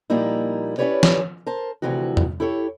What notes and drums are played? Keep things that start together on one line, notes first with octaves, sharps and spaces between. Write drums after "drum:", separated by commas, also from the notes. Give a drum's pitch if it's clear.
A#2 F3 G3 A#3 D#4 E4
C#4 E4 G4 B4 C#5 D5
drum: snare
A#4 C5 A5
D2 G#2 C3 E3 F3 F#4
drum: tom E2
E4 G4 A4 C#5